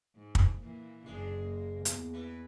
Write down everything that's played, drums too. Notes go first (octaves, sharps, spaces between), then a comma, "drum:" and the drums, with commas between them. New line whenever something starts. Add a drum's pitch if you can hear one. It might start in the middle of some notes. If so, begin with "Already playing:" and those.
G#2
drum: kick
A#2 E3 A#3
F#1 G#3 D4 G#4
A#3
E2, drum: hi-hat
E3 B4